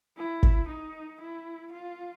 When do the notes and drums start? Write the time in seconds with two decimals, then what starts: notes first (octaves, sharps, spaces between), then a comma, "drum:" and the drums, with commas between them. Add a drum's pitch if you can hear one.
0.17 E4
0.43 drum: kick
0.68 D#4
1.21 E4
1.72 F4